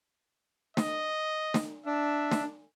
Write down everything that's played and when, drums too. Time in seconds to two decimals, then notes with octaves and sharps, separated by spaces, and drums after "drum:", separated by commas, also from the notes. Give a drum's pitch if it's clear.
0.77 D#5, drum: snare
1.54 drum: snare
1.86 D4 E5
2.31 drum: snare